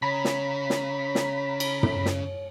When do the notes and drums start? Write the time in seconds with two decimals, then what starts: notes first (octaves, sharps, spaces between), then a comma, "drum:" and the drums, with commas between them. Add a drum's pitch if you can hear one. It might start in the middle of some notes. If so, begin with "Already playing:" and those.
0.02 C#3 C#5 A#5 B5 B6
0.25 drum: snare
0.70 drum: snare
1.15 drum: snare
1.60 drum: cymbal
1.83 drum: tom
2.05 drum: snare